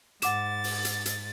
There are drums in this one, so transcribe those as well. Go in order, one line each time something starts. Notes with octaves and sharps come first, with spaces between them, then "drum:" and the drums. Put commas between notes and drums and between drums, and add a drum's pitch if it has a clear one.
G#2 F#5 D6 A6 E7, drum: hi-hat
drum: open hi-hat
drum: hi-hat
drum: hi-hat